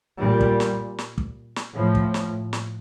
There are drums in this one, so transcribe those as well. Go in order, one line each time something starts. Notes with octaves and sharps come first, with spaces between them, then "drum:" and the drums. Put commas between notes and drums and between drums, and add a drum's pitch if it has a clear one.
A#2 G3
drum: kick
drum: snare
drum: snare
drum: kick
drum: snare
A2 F3
drum: kick
drum: snare
drum: snare